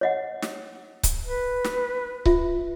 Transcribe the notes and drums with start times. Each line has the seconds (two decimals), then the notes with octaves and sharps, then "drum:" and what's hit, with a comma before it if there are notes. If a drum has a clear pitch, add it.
0.01 C#5 D#5 F#5
0.42 drum: snare
1.03 drum: kick C#1, hi-hat
1.25 B4
1.64 drum: snare
2.25 F4 E5, drum: kick C#1